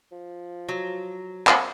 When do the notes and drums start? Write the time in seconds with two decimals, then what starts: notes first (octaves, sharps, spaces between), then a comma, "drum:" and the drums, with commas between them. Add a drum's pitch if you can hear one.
0.12 F3
0.68 F#3
1.47 C4, drum: clap